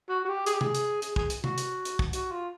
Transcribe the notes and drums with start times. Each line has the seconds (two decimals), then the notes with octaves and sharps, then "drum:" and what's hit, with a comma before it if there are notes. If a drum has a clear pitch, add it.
0.09 F#4
0.25 F#4
0.29 G4
0.46 G#4, drum: hi-hat
0.54 G4
0.61 G#4, drum: tom C3
0.75 drum: hi-hat
1.02 G#4, drum: hi-hat
1.16 G#4, drum: kick
1.30 drum: hi-hat
1.44 F#4, drum: tom C3
1.58 drum: hi-hat
1.85 drum: hi-hat
1.99 drum: kick
2.13 F#4, drum: hi-hat
2.32 F4